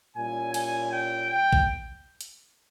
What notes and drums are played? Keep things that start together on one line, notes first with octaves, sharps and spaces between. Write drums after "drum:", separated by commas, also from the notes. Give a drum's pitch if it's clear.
A#2 G3 C#4 E4 G#5
G#5, drum: cymbal
G5
G5
drum: kick A1
drum: hi-hat